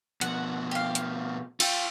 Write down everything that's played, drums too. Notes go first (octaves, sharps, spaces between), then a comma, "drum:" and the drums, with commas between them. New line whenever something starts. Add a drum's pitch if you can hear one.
B2 F3 F#5, drum: hi-hat
G4 F5
drum: hi-hat
A3 F4 G4, drum: cymbal